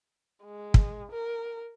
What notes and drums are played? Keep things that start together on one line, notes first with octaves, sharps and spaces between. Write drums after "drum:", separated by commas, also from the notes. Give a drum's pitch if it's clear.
G#3
drum: kick
A#4